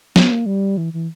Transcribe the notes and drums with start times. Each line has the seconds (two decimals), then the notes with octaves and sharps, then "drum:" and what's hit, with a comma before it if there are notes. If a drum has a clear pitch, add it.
0.16 B3, drum: snare
0.32 A#3
0.46 G3
0.78 E3
0.93 E3